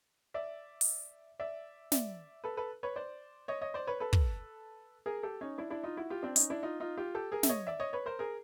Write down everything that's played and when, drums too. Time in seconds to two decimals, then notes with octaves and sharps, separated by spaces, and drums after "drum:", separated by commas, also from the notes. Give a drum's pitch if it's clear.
0.34 D5 E5
0.81 drum: open hi-hat
1.39 D5 E5
1.92 D5 E5, drum: snare
2.44 A4 B4
2.57 A4 B4
2.83 B4 C#5
2.96 C5 D5
3.48 C#5 D#5
3.61 C#5 D#5
3.74 C5 D5
3.87 B4 C#5
4.00 A4 B4
4.13 drum: kick
5.06 G#4 A#4
5.23 G4 A4
5.41 C#4 D#4
5.58 D4 E4
5.70 D4 E4
5.83 D#4 F4
5.97 E4 F#4
6.10 F4 G4
6.23 C4 D4
6.36 C#4 D#4, drum: hi-hat
6.50 D4 E4
6.63 D#4 F4
6.80 D#4 F4
6.97 F4 G4
7.15 G4 A4
7.32 G#4 A#4
7.43 E5, drum: snare
7.49 C#5 D#5
7.67 D5 E5
7.80 C#5 D#5
7.93 B4 C#5
8.06 A#4 C5
8.19 G#4 A#4